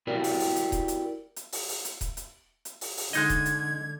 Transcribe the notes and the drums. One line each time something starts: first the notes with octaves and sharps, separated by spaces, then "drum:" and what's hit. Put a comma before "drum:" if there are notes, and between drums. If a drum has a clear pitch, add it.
E4 F#4 G4 A#4 D5
drum: open hi-hat
drum: open hi-hat
drum: hi-hat
drum: kick D#1, hi-hat
drum: hi-hat
drum: hi-hat
drum: open hi-hat
drum: open hi-hat
drum: hi-hat
drum: kick D#1, hi-hat
drum: hi-hat
drum: hi-hat
drum: open hi-hat
drum: open hi-hat
D3 G#3 D#4 D#5 G#6, drum: hi-hat
drum: kick D#1, hi-hat
drum: hi-hat